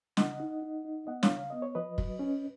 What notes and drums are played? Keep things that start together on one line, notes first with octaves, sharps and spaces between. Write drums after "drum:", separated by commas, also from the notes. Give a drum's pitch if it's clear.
C#3 D#5 F#5, drum: snare
D#4
D#4
D#4
B3 D#5 F#5
C#5 F5, drum: snare
C#3
F5
B3 D#5
C#5
F3 B4 D#5
F#3, drum: kick
C#4